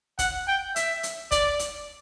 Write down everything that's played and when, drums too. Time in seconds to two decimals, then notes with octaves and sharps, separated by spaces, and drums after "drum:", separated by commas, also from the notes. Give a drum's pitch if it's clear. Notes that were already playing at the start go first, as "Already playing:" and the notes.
0.19 F#5, drum: kick, hi-hat
0.48 G5
0.76 E5, drum: hi-hat
1.03 drum: hi-hat
1.31 D5, drum: kick, hi-hat
1.59 drum: hi-hat